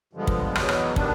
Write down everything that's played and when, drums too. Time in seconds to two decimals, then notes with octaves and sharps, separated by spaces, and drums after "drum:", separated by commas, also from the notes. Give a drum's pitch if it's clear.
0.13 G2 D3 F3 G#3 B3
0.27 drum: kick
0.55 E2 B2 F#3 B3, drum: rim click
0.69 drum: rim click
0.96 D#3 G3 B3 D4, drum: kick